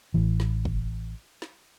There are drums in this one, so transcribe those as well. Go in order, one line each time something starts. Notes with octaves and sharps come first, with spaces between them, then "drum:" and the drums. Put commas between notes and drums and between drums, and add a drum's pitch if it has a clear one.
A1 E3
drum: snare
drum: kick
drum: snare